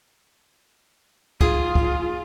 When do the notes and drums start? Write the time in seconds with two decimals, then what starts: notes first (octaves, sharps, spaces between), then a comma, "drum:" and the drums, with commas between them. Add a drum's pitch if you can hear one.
1.41 F4 G#4, drum: kick
1.75 drum: kick